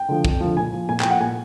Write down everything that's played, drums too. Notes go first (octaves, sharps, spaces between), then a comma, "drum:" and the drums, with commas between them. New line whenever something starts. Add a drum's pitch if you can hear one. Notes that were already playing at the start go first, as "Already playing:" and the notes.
Already playing: G5
D3 F3
F2, drum: kick
D3 F3
A#2 G#5
F3
A#2 G#5
G5, drum: clap
F3
F#5
A#2 G#5